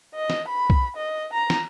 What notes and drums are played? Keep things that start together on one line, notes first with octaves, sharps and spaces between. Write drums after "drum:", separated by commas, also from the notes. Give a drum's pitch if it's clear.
D#5
drum: snare
B5
drum: kick B1
D#5
A#5
drum: snare